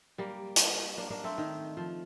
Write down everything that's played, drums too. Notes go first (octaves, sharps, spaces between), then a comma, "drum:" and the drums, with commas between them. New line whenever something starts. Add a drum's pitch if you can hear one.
G3 A#3
drum: hi-hat
A#3 D4
A#3 D4
A3 C4
D#3
F3